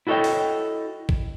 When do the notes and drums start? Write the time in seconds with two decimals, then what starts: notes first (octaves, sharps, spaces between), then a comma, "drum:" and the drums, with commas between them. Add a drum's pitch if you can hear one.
0.07 E4 F#4 A4 C#5 D#5 G5
0.24 drum: open hi-hat
1.09 drum: kick